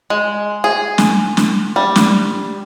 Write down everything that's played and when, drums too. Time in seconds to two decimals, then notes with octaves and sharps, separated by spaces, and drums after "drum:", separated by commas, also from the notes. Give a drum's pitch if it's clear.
0.10 G#3
0.64 G#4
0.98 drum: snare
1.37 drum: snare
1.76 G3
1.96 drum: snare